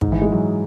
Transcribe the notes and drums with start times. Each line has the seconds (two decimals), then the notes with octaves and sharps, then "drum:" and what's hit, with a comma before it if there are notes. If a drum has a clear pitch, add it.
0.01 G#2, drum: kick
0.12 E3
0.22 G#3
0.32 F#3